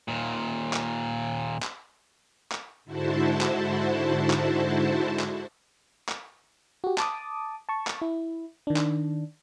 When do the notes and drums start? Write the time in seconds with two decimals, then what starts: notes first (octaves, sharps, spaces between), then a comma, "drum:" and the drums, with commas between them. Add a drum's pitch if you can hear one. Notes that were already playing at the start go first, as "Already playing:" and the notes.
0.08 D#2 A#2
0.73 drum: clap
1.62 drum: clap
2.52 drum: clap
2.84 G#2 D3 E4 F#4 C5 A5
3.41 drum: clap
4.30 drum: clap
5.19 drum: clap
6.09 drum: clap
6.84 F#4 G4
6.98 A5 D6 D#6, drum: clap
7.69 A5 C#6
7.87 drum: clap
8.02 E4
8.67 D#3 D4
8.76 drum: clap